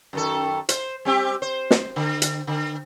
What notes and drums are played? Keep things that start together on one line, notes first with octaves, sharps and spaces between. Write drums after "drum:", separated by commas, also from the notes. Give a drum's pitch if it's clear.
F#2 D#3 A4
C5, drum: hi-hat
G3 C4 G4
C5
drum: snare
D3
drum: hi-hat
D3